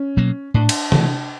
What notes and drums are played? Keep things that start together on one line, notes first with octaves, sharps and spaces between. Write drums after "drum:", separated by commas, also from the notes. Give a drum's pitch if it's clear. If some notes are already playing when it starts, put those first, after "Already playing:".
Already playing: C#4
B2 F#3 A#3
A2 D4
drum: cymbal
E3 A3 D4, drum: tom C3